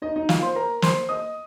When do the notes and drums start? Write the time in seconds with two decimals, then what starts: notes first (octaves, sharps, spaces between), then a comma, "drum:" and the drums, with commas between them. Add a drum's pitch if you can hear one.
0.02 D#4 D#5
0.16 D#4 D#5
0.29 F4 F5, drum: snare
0.42 C5 C6
0.55 A#4 A#5
0.82 C5 C6, drum: snare
1.09 D#5 D#6